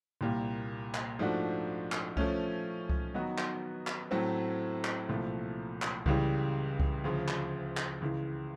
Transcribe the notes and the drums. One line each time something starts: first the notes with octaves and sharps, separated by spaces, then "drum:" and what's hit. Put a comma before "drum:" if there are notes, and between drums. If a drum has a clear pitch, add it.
C2 A#2 G3 A#3
drum: clap
G#2 F3 A3 D4 F#4
drum: clap
F3 A3 C#4, drum: kick C2
drum: kick C2
D#3 F#3 B3 D#4 F#4
drum: clap
drum: clap
A2 F#3 A3 C4
drum: clap
C2 A#2 F3 A3
drum: clap
C#2 C#3 E3 G3, drum: kick C2
drum: kick C2
D2 C#3 F3
drum: clap
drum: clap
C#2 C#3 E3